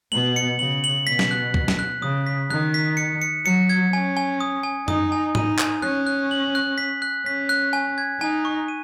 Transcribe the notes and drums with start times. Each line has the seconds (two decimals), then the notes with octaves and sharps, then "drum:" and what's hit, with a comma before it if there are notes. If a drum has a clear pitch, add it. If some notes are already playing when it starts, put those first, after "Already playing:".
0.12 B2 F#7
0.36 C#7
0.59 C#3 F#7
0.84 F#7
1.07 B2 B6
1.19 drum: snare
1.31 F#6
1.54 F#6, drum: kick
1.68 drum: snare
1.79 F#6
2.02 C#3 D#6
2.27 B6
2.50 D#3 F#6
2.74 B6
2.97 C#7
3.22 C#7
3.45 F#3 C#7
3.70 G#6
3.93 C#4 G#5
4.17 G#5
4.40 D#6
4.63 G#5
4.88 D#4 D#6, drum: tom F#2
5.12 G#5
5.35 D#4 D#7, drum: tom G#2
5.59 G#5, drum: clap
5.82 C#4 F#6
6.06 F#6
6.31 F#7
6.55 F#6
6.78 B6
7.02 F#6
7.26 C#4 B6
7.49 F#6
7.73 G#5
7.98 G#6
8.21 D#4 G#5
8.45 C#6
8.68 D#7